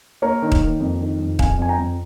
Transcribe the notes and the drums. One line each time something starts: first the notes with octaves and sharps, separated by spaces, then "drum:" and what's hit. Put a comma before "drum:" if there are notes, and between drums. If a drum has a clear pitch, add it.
A#3 A#4 C#5
D#3
drum: kick D#1
A#3
F2
D#3
F2
F2 F5 G#5, drum: kick D#1
F2 G#5
G5 A#5
F2